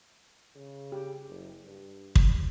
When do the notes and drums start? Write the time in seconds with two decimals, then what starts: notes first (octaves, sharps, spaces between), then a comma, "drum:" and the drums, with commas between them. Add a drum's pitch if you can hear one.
0.55 C#3
0.92 G4
1.27 F#1
1.65 G2
2.15 drum: kick